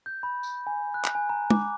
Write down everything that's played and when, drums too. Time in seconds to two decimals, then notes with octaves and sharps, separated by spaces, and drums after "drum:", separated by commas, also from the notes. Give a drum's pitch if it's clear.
0.06 G6
0.23 B5
0.43 drum: tambourine
0.67 G#5
0.94 F#6
1.05 drum: clap
1.15 G#5
1.29 A#5
1.50 D6, drum: tom